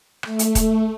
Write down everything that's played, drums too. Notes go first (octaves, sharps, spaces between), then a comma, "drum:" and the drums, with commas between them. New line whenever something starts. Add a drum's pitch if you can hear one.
A3, drum: rim click
drum: hi-hat
drum: kick D#1, hi-hat